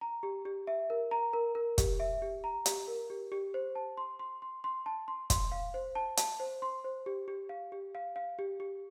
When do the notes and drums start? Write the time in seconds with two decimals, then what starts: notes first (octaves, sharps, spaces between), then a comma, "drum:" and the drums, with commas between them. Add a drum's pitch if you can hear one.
0.01 A#5
0.23 G4
0.45 G4
0.67 E5
0.90 A#4
1.11 A#5
1.33 A#4
1.55 A#4
1.78 G4, drum: kick, hi-hat
2.00 E5
2.22 G4
2.44 A#5
2.66 G4, drum: hi-hat
2.88 A#4
3.10 G4
3.32 G4
3.54 C5
3.75 A5
3.97 C6
4.19 C6
4.42 C6
4.64 C6
4.86 A5
5.08 C6
5.30 C6, drum: kick, hi-hat
5.52 F5
5.74 C5
5.95 A5
6.17 A5, drum: hi-hat
6.40 C5
6.62 C6
6.85 C5
7.06 G4
7.28 G4
7.49 F5
7.72 G4
7.95 F5
8.16 F5
8.39 G4
8.60 G4